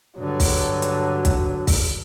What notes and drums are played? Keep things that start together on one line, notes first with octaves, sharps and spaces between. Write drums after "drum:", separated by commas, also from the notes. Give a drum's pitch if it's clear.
G2 D3 F#3
drum: kick, open hi-hat
drum: hi-hat
drum: kick, hi-hat
drum: kick, open hi-hat